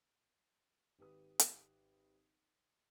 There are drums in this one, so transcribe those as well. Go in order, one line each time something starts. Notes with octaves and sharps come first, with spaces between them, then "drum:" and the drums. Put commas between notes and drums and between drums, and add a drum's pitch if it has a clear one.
G#1 G4 B4 D#6
drum: hi-hat